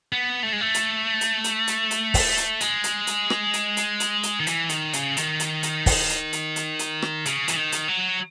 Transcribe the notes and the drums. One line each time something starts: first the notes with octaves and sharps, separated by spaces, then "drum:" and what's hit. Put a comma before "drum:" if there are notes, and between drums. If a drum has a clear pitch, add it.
B3
A3
G#3
A3
drum: hi-hat
drum: hi-hat
drum: hi-hat
drum: hi-hat
drum: hi-hat
drum: kick, open hi-hat
drum: hi-hat
G#3, drum: hi-hat
drum: hi-hat
drum: hi-hat
drum: rim click
drum: hi-hat
drum: hi-hat
drum: hi-hat
drum: hi-hat
D#3
E3, drum: hi-hat
D#3, drum: hi-hat
C#3, drum: hi-hat
D#3, drum: hi-hat
drum: hi-hat
drum: hi-hat
drum: kick, open hi-hat
drum: hi-hat
drum: hi-hat
drum: hi-hat
drum: hi-hat
drum: rim click
C#3, drum: hi-hat
E3, drum: hi-hat
D#3
drum: hi-hat
F#3